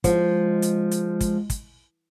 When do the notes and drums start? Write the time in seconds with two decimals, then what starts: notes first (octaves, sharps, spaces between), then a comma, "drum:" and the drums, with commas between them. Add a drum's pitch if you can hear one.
0.04 F3 G#3, drum: kick, hi-hat
0.62 drum: hi-hat
0.91 drum: hi-hat
1.21 drum: kick, hi-hat
1.50 drum: kick, hi-hat